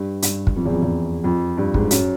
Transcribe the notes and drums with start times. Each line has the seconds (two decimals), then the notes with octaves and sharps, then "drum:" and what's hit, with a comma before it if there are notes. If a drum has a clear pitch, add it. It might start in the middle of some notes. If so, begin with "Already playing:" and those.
Already playing: G2
0.22 G2, drum: hi-hat
0.47 drum: kick
0.56 F2
0.66 E2
0.73 F2
0.82 E2
1.24 F2
1.57 G2
1.74 G#2, drum: kick
1.91 F#2, drum: hi-hat